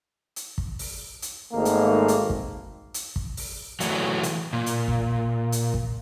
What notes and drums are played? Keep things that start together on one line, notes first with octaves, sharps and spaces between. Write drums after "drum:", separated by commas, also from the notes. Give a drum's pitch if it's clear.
drum: hi-hat
drum: kick
drum: open hi-hat
drum: hi-hat
G#1 G#2 A3 A#3 D#4
drum: hi-hat
drum: hi-hat
drum: kick
drum: hi-hat
drum: kick
drum: open hi-hat
E3 F#3 A3 F#4, drum: hi-hat
drum: hi-hat
A#2
drum: hi-hat
drum: kick
drum: hi-hat
drum: kick